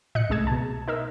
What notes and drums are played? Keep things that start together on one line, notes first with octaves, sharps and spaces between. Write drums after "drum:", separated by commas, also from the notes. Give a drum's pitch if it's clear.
D#5 F#6 C#7, drum: tom G#2
C2 G#3 A3 G#4 E6 G#6
B2 A5
D#4 A#4 E5